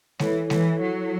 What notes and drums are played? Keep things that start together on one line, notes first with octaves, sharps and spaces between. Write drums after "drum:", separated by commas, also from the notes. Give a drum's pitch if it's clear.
E3 E4 A4 C#5, drum: snare G#3
E3, drum: snare G#3
F#3